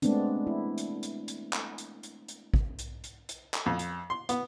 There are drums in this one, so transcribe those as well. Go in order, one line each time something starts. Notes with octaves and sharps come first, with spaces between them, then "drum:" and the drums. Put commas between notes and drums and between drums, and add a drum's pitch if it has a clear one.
G#3 A3 B3 C4 D4, drum: hi-hat
E4
drum: hi-hat
drum: hi-hat
drum: hi-hat
drum: clap
drum: hi-hat
drum: hi-hat
drum: hi-hat
drum: kick
drum: hi-hat
drum: hi-hat
drum: hi-hat
drum: clap
F2
drum: hi-hat
C6
B3, drum: hi-hat